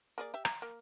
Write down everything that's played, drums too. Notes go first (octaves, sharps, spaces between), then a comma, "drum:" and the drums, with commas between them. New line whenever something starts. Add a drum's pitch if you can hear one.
A#3 G#4 D5
G4 E5
A#5, drum: rim click
A#3